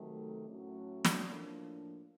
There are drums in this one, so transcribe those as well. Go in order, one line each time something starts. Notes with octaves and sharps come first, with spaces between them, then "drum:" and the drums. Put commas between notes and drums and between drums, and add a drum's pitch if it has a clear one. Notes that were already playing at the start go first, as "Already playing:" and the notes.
Already playing: C3 D#3 F#3 A3
A2 F#3 A3 C#4 F#4
drum: snare
A2 F3 A#3 D4